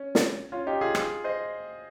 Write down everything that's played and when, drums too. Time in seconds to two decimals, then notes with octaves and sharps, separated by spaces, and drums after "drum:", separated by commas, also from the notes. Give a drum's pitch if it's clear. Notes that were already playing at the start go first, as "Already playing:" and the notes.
Already playing: C#4
0.15 drum: snare
0.52 C#4 F4
0.67 D#4 G4
0.81 F4 G#4
0.95 drum: rim click
1.24 C5 D#5